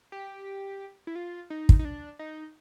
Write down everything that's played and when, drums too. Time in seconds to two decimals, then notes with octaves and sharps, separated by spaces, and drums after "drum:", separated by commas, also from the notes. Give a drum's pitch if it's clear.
0.12 G4
1.07 E4
1.16 F4
1.50 D#4
1.69 drum: kick
1.79 D#4
1.85 D4
2.19 D#4